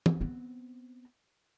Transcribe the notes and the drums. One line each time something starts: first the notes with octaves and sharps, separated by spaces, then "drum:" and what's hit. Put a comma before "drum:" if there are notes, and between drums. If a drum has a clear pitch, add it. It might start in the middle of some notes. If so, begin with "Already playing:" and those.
drum: tom
B3 C4